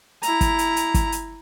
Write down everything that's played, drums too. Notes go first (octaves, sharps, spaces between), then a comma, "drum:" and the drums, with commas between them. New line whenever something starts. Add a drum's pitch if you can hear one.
E4 A#5, drum: hi-hat
drum: kick, hi-hat
drum: hi-hat
drum: hi-hat
drum: kick, hi-hat
drum: hi-hat